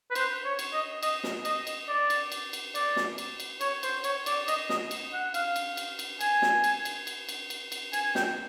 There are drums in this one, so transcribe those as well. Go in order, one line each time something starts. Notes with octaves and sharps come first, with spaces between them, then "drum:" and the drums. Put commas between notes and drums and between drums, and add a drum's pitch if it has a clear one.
B4
C5, drum: cymbal
C#5
drum: cymbal
D#5
D#5, drum: cymbal
drum: snare
D#5, drum: cymbal
drum: cymbal
D5
drum: cymbal
drum: cymbal
drum: cymbal
D5, drum: cymbal
drum: snare
drum: cymbal
drum: cymbal
C#5, drum: cymbal
C5, drum: cymbal
C#5, drum: cymbal
D5, drum: cymbal
D#5, drum: cymbal
D#5, drum: snare
drum: cymbal
F#5
F5, drum: cymbal
drum: cymbal
drum: cymbal
drum: cymbal
G#5, drum: cymbal
drum: snare
drum: cymbal
drum: cymbal
drum: cymbal
drum: cymbal
drum: cymbal
drum: cymbal
G#5, drum: cymbal
G5, drum: snare